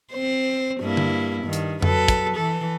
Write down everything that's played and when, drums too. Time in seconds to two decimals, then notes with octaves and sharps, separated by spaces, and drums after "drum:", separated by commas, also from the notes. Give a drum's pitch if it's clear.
0.13 C4 C5
0.81 G2 A#3 E4
0.97 drum: tom D3
1.44 G2 D#3
1.53 drum: hi-hat
1.82 F#3 A4 B4, drum: tom F2
2.08 drum: kick, hi-hat
2.36 E3 A4